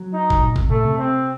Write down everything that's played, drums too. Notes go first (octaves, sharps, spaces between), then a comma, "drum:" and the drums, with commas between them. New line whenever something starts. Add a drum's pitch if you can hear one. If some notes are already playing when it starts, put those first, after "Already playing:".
Already playing: F#3
D#4
drum: kick G1
A#2
C3, drum: kick G1
A#2 A3
C3
C4